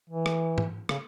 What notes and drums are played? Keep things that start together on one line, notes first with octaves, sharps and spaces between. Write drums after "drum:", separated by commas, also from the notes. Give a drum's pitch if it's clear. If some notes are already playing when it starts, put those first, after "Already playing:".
E3
drum: rim click
drum: tom
C#3, drum: rim click